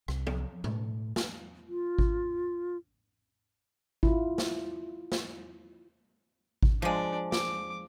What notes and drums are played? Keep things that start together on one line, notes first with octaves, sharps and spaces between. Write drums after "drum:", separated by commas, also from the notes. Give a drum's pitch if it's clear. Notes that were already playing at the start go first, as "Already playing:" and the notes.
C2, drum: rim click
drum: tom
A2, drum: tom B2
drum: snare
F4
drum: kick G#1
E4 F4, drum: kick G#1
drum: snare
drum: snare
drum: kick G#1
F3 G#3 D4 D5
D6, drum: snare